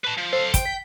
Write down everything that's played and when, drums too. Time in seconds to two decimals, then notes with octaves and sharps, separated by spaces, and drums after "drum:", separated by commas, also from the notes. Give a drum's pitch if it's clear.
0.04 B4 A5
0.17 F3
0.33 A4 C5 F5
0.54 G5, drum: kick, hi-hat
0.66 B6